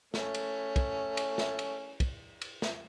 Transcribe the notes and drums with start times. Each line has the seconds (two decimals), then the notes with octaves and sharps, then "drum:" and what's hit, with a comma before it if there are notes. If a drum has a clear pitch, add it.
0.14 A3 C#4, drum: snare
0.34 drum: cymbal
0.76 drum: kick, cymbal
1.17 drum: cymbal
1.38 drum: snare
1.59 drum: cymbal
2.00 drum: kick, cymbal
2.42 drum: cymbal
2.62 drum: snare